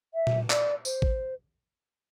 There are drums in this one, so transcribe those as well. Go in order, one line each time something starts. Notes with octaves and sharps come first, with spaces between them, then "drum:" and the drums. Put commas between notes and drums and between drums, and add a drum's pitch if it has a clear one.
E5
drum: tom A#2
D5, drum: clap
C5, drum: tambourine
drum: kick A1